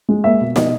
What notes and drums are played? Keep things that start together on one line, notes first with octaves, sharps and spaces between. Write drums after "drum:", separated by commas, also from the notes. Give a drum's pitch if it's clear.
G#3
A#3 E5
B2
B2 D#5, drum: snare